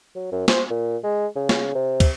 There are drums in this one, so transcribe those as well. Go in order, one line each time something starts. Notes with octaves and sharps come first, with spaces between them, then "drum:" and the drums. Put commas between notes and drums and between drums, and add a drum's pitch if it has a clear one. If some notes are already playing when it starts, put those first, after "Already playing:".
F#3
F#2
C5, drum: snare
A#2
G#3
C#3
drum: snare
C3
drum: kick, cymbal